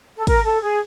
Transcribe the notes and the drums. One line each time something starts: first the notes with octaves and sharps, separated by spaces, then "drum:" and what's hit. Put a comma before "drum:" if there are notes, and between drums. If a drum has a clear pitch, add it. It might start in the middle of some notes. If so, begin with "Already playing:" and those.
A4
A#4, drum: kick, cymbal
A4
G#4